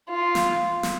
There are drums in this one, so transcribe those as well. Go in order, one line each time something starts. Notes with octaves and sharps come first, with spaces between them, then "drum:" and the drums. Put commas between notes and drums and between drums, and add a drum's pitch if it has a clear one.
F4
drum: snare
drum: snare